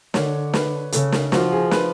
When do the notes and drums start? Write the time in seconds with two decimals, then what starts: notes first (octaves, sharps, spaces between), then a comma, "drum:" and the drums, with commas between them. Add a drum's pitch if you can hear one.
0.14 D3 C#5, drum: snare
0.54 B4, drum: snare
0.92 C#3 A4, drum: hi-hat
1.12 drum: snare
1.32 F3 F#4, drum: snare
1.52 G#4
1.71 B4, drum: snare